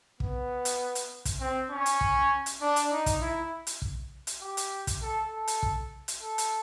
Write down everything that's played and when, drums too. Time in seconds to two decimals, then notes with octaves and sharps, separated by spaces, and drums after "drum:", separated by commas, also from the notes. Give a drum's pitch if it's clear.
0.20 B3, drum: kick
0.65 drum: hi-hat
0.95 drum: hi-hat
1.25 drum: kick, hi-hat
1.40 C4
1.70 C#4
1.86 drum: hi-hat
2.01 drum: kick
2.46 drum: hi-hat
2.61 D4
2.76 drum: hi-hat
2.91 D#4
3.06 drum: kick, hi-hat
3.21 E4
3.67 drum: hi-hat
3.82 drum: kick
4.27 drum: hi-hat
4.42 G4
4.57 drum: hi-hat
4.87 drum: kick, hi-hat
5.02 A4
5.32 A4
5.48 drum: hi-hat
5.63 drum: kick
6.08 drum: hi-hat
6.23 A4
6.38 drum: hi-hat